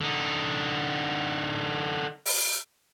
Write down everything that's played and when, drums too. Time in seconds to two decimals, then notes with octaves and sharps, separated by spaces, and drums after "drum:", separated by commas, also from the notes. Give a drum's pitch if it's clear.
0.01 D3 D#4
2.26 drum: open hi-hat